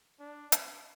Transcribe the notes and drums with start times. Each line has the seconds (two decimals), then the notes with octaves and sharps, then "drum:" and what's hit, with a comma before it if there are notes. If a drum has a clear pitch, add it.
0.19 D4
0.52 drum: hi-hat